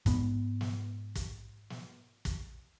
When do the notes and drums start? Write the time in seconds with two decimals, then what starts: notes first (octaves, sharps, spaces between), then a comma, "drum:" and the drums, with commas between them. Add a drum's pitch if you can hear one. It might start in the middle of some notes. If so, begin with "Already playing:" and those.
0.06 G#2 B3, drum: kick, hi-hat
0.61 drum: snare
1.15 drum: kick, hi-hat
1.70 drum: snare
2.25 drum: kick, hi-hat